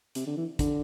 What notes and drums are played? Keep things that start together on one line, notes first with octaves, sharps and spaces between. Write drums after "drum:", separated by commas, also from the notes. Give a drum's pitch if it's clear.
C3, drum: hi-hat
D3
E3
D3, drum: kick, hi-hat